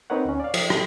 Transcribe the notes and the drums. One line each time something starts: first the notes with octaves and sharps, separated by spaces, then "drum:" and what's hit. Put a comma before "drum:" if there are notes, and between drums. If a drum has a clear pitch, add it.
C4 D#4 A#4 B4 C#5 F#5
D2 C#4
D5 F5
F3 D5, drum: cymbal
G4 A4, drum: rim click